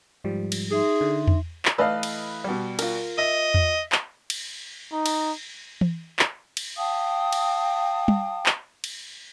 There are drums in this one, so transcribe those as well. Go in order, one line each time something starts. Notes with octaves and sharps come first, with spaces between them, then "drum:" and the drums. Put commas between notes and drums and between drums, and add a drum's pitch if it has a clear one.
G#2 F3 G3
drum: cymbal
D#4 G#4 E5 C6
D3
drum: tom E2
drum: clap
E3 A3 B4 D5 D#5 F5
drum: cymbal
B2 G3
F4 A#4, drum: cymbal
D#5 E5 A#6
drum: tom E2
drum: clap
drum: cymbal
D#4
drum: cymbal
drum: tom E3
drum: clap
drum: cymbal
F5 G5 A5 D#6
drum: cymbal
drum: tom
drum: clap
drum: cymbal